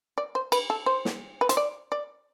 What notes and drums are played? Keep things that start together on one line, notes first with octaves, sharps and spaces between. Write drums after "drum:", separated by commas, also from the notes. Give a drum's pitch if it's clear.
D5
C5
B4, drum: cymbal
A4
C5
drum: snare
B4
C5, drum: hi-hat
D5
D5